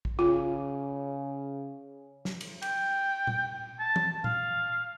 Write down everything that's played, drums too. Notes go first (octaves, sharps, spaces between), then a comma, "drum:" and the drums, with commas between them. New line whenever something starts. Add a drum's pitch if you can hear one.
drum: kick
C#3 F4
drum: snare
drum: cymbal
G5, drum: cymbal
drum: tom A#2
A5
drum: tom E3
F5, drum: tom A#2